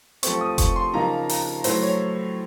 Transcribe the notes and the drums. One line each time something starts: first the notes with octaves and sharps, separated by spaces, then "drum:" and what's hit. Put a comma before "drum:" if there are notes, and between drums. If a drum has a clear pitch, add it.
F3 A3 C4 C#6, drum: hi-hat
D#6
C#6, drum: kick F1, hi-hat
C6
C#3 F3 A#3 D#4 A#5
A#5, drum: open hi-hat
A2 F#3 A3 C5, drum: open hi-hat
C#5